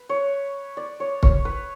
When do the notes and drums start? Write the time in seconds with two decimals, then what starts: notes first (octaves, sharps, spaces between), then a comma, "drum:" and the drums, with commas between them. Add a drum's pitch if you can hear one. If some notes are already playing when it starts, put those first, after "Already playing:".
Already playing: B4
0.09 C#5
0.77 D5
1.00 C#5
1.23 C#5, drum: kick
1.45 B4